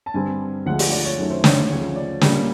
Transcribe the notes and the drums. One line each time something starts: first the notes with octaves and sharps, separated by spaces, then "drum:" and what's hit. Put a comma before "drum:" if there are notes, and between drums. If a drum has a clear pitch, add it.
A5
G2 D3 G3 C4 G#5
D2 D3 F3 G#3 F#5
D5, drum: open hi-hat
D5
C#5
F#2 D#3 F#3 A3
C5
C#5, drum: snare
C5
D2 C#3 F3 C#5
D5
A#2 G3 A#3 C#4, drum: snare